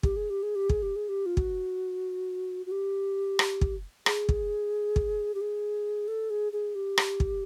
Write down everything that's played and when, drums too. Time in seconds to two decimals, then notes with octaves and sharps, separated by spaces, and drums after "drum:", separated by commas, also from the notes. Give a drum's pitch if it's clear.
0.03 G4, drum: kick
0.16 G#4
0.30 G4
0.43 G#4
0.55 G4
0.69 G#4, drum: kick
0.82 G4
0.96 G#4
1.09 G4
1.26 F4
1.37 F#4, drum: kick
2.66 F#4
2.71 G4
3.39 drum: rim click
3.61 drum: kick
4.06 G#4, drum: rim click
4.29 drum: kick
4.96 drum: kick
5.35 G4
5.41 G#4
6.08 A4
6.30 G#4
6.53 G#4
6.75 G4
6.98 drum: rim click
7.20 drum: kick